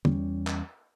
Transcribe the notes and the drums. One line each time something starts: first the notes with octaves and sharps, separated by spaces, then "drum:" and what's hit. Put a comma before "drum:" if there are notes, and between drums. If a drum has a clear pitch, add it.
E2 G3 C#4, drum: tom
drum: clap